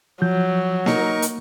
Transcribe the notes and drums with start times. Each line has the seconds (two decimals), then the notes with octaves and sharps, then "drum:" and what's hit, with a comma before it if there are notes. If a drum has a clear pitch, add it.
0.22 F3 F#3 G6
0.86 A#3 D#4 A#4 C#6, drum: snare A#3
1.22 drum: hi-hat